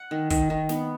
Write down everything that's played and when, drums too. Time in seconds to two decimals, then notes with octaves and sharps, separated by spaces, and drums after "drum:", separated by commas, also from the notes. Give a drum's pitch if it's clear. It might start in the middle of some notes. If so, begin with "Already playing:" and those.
Already playing: F#5
0.11 D#3
0.30 D#3, drum: kick, hi-hat
0.50 D#3
0.69 B3, drum: snare